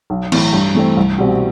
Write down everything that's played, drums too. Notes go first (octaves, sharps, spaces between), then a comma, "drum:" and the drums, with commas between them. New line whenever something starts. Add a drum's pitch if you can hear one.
B1
A2 E3, drum: cymbal
G2
E3 A3 C4
C2
B2 G3 C4